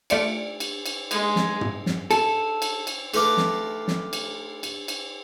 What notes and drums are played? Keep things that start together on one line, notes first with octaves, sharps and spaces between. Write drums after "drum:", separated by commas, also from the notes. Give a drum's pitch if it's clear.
A3 F4 D5 C#7 D7, drum: cymbal
drum: cymbal
drum: cymbal
G#3, drum: cymbal
drum: snare
drum: tom
drum: snare
A4, drum: cymbal
drum: cymbal
drum: cymbal
A3 F4 A4 B4 A#5 D6, drum: cymbal
drum: snare
drum: snare
drum: cymbal
drum: cymbal
drum: cymbal